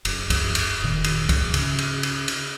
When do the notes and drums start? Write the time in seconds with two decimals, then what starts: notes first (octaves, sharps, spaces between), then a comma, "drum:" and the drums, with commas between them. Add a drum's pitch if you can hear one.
0.05 F#1, drum: cymbal
0.30 drum: kick, cymbal
0.55 drum: cymbal
0.83 F1 A#2 D#3
1.04 drum: cymbal
1.29 drum: kick, cymbal
1.54 C#3, drum: cymbal
1.78 drum: cymbal
2.03 drum: cymbal
2.28 drum: cymbal